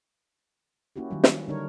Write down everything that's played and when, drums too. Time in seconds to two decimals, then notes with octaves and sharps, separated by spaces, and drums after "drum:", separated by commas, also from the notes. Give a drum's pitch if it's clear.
0.96 A#3 C#4 E4 F#4 G4
1.11 D#3 F#3 G3
1.24 drum: snare
1.48 D3 G3 D4 D#4 A#4 C#5